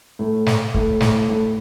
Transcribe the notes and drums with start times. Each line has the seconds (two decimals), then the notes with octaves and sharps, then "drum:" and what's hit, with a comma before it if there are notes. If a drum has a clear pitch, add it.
0.19 A2
0.46 drum: snare
0.74 A2, drum: kick
1.00 A2, drum: snare
1.29 A2